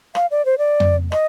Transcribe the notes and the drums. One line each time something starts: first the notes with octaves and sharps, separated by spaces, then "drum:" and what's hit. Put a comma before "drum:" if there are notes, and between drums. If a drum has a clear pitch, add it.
F5, drum: rim click
D5
C5
D5
drum: tom F2
D#5, drum: rim click